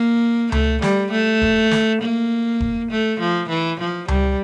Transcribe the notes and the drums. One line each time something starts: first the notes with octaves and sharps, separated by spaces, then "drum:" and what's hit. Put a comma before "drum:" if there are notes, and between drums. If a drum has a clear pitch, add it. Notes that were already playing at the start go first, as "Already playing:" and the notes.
Already playing: A#3
A3, drum: tom C#2
G3, drum: snare
A3
drum: kick E1
drum: snare
A#3
drum: kick E1
A3
F3
E3
F3
G3, drum: tom C#2